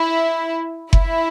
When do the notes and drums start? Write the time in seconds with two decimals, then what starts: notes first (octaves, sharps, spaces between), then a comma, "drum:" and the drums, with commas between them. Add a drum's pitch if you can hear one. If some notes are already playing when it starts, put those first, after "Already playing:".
Already playing: E4
0.93 E4, drum: kick F#1